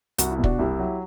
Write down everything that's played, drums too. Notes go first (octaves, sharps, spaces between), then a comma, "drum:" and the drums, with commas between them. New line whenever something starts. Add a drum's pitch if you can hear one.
C2 F#4, drum: hi-hat
E4
B2
D4 F#4, drum: kick
C2 E4 G4
F#3